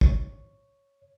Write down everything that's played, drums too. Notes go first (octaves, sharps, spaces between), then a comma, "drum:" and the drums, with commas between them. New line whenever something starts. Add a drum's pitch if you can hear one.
C#5, drum: kick